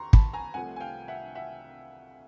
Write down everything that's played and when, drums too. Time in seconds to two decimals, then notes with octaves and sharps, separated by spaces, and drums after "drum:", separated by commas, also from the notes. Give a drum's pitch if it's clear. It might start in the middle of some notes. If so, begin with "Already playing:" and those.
Already playing: D#2 D3 A#5 C6 C#6
0.13 A5 B5, drum: kick
0.33 G#5 A#5
0.54 C2 C3 F3 A3 F#5 G#5
0.76 G#5
0.80 F5 G5
1.08 E5 F#5
1.35 E5 F#5